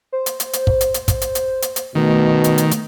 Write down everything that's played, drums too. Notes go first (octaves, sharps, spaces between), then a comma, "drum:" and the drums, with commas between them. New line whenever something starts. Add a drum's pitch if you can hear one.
C5
drum: hi-hat
drum: hi-hat
drum: hi-hat
drum: kick
drum: hi-hat
drum: hi-hat
drum: kick, hi-hat
drum: hi-hat
drum: hi-hat
drum: hi-hat
drum: hi-hat
B2 D#3 A3
drum: hi-hat
drum: hi-hat
drum: hi-hat